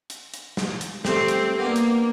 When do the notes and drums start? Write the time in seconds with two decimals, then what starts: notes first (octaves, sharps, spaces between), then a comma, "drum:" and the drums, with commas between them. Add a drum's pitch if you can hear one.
0.10 drum: hi-hat
0.34 drum: hi-hat
0.57 drum: snare
0.81 drum: hi-hat
1.05 G3 A3 C4, drum: snare
1.28 drum: hi-hat
1.59 A#3 B3 D4
1.76 drum: hi-hat